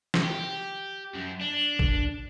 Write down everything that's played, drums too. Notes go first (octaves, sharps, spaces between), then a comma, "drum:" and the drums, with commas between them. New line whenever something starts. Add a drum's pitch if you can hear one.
drum: snare
G4
F#2
D4
drum: kick